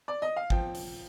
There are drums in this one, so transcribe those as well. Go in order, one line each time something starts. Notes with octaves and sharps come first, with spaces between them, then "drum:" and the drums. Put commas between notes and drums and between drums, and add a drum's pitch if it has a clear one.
D5
D#5
F5
F3 G5, drum: kick
drum: open hi-hat